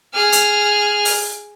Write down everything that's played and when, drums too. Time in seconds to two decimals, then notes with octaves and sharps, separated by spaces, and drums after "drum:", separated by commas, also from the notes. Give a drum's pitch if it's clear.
0.14 G#4 F6
0.32 drum: hi-hat
1.05 drum: open hi-hat